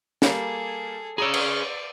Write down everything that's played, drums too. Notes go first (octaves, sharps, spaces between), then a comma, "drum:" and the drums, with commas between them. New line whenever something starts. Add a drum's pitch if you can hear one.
G3 A#3 G#4 A4, drum: snare
G#4 C#5 D5 A#5 D#6 E6
drum: cymbal